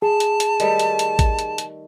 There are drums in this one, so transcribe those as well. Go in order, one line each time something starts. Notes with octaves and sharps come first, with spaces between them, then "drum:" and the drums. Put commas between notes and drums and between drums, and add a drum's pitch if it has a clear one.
G#4 A5
drum: hi-hat
drum: hi-hat
D#3 G3 A3, drum: hi-hat
drum: hi-hat
drum: hi-hat
drum: kick A1, hi-hat
drum: hi-hat
drum: hi-hat